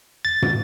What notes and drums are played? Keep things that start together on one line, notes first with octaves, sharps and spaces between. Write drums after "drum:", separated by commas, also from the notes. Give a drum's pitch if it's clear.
A6
drum: tom